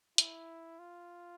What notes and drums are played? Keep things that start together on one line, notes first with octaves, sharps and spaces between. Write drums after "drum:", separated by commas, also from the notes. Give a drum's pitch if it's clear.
E4, drum: hi-hat
F4